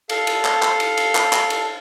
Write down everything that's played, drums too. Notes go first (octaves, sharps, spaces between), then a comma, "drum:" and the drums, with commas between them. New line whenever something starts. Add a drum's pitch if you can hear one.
A4 F5, drum: cymbal
drum: cymbal
drum: clap
drum: clap
drum: cymbal
drum: cymbal
drum: clap
drum: clap
drum: cymbal